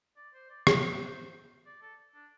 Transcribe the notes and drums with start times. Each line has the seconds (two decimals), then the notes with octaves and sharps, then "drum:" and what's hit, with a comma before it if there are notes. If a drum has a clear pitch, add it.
0.17 D5
0.34 C5
0.50 D5
0.67 C5, drum: rim click
1.66 D5
1.82 A4
2.15 D4